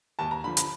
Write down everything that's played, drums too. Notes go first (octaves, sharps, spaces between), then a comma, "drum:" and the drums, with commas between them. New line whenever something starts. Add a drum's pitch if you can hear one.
D#2 A5
A#5
D3 F3 B5
B5, drum: hi-hat